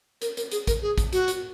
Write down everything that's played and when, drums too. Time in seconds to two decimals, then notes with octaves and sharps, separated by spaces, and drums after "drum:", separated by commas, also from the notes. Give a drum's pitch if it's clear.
0.22 A#4, drum: hi-hat
0.37 A#4, drum: hi-hat
0.52 G#4, drum: hi-hat
0.67 A#4, drum: kick, hi-hat
0.82 G#4
0.98 drum: kick, hi-hat
1.13 F#4, drum: hi-hat
1.28 drum: hi-hat